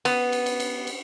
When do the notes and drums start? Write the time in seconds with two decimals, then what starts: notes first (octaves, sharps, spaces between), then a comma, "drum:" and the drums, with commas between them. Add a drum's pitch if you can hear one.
0.05 B3, drum: cymbal
0.32 drum: cymbal
0.46 drum: cymbal
0.60 drum: cymbal
0.87 drum: cymbal